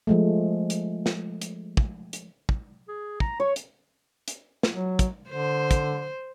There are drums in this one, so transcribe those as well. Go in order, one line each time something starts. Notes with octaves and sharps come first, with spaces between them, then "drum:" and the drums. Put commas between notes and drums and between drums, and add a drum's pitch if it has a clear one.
F3 G#3 A3
drum: hi-hat
drum: snare
drum: hi-hat
drum: kick
drum: hi-hat
drum: kick
G#4
A#5, drum: kick
C#5 C#6
drum: hi-hat
drum: hi-hat
drum: snare
F#3
drum: kick, hi-hat
D3 C5
drum: kick, hi-hat